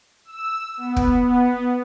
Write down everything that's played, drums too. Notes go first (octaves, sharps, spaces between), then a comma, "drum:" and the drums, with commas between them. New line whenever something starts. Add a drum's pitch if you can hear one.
E6
B3
drum: kick
B3